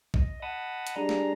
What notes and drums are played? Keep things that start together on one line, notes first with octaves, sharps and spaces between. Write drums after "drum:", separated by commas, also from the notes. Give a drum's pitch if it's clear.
D#5, drum: kick B1
D#5 F#5 A5 B5 D#6
drum: hi-hat
G3 D4 G#4 A#5
drum: snare